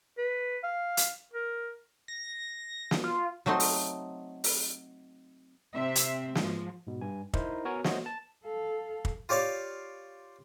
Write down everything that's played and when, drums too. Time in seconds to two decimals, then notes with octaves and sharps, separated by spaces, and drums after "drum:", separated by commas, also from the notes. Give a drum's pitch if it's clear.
0.18 B4
0.64 F5
0.97 drum: hi-hat
1.34 A#4
2.08 A#6
2.91 drum: snare
3.04 F4
3.46 F#3 A3 C4 D#4 C6
3.60 drum: open hi-hat
4.44 drum: open hi-hat
5.73 C3 C4 E5
5.95 drum: hi-hat
6.35 G#2 F3 G#3, drum: snare
6.87 G#2 B2
7.01 G2 G#5
7.34 D#4 E4 A#4 C5, drum: kick
7.65 B3 F#4 A#4 C#5 G#5
7.84 A3 F#4 C5 C#5 D#5, drum: snare
8.06 A5
8.44 A4 F5
9.05 drum: kick
9.29 F4 G4 C#5 D5 F5